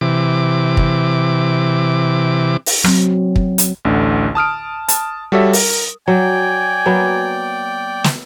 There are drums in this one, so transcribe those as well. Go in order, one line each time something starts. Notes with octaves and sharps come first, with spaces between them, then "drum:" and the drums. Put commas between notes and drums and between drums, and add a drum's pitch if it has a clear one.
C3 E3 D6
drum: kick
drum: open hi-hat
F#3 C4, drum: rim click
drum: kick
drum: hi-hat
A1 D2 D3
A5 D#6 F6 D7
A5, drum: hi-hat
G3 F#4 A4 C#5 E5
A#4, drum: open hi-hat
F#3 D5 G5 G#5
F#3 A#3 B3
drum: snare